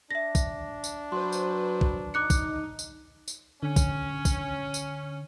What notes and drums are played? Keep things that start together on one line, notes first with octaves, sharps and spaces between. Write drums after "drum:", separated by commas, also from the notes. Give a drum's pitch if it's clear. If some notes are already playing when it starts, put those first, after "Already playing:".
D4 E5 A#6
drum: kick A#1, tambourine
drum: tambourine
F#3 B4 C5 C6
drum: tambourine
drum: kick A#1
D#4 D6 F#6 C#7
drum: kick A#1, tambourine
drum: tambourine
drum: tambourine
D3 C#4
drum: kick A#1, tambourine
drum: kick A#1, tambourine
drum: tambourine